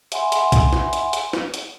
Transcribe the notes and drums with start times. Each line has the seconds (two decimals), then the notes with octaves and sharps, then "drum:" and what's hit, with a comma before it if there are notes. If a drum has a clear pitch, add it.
0.12 E5 F#5 G#5 B5 C6, drum: hi-hat
0.32 drum: hi-hat
0.52 drum: kick A#1, hi-hat
0.73 drum: snare
0.93 drum: hi-hat
1.13 drum: hi-hat
1.33 drum: snare
1.54 drum: hi-hat